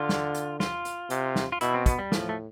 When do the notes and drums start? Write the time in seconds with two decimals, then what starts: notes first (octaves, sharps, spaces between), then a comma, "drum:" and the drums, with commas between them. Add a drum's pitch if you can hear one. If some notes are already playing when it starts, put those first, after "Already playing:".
Already playing: D3 F4
0.09 drum: snare
0.35 drum: hi-hat
0.60 F4, drum: snare
0.85 drum: hi-hat
1.10 C3, drum: hi-hat
1.36 drum: snare
1.52 F4
1.61 B2 E4, drum: hi-hat
1.74 C4
1.86 B3, drum: kick, hi-hat
1.99 G3
2.12 A2 F3, drum: snare
2.29 A3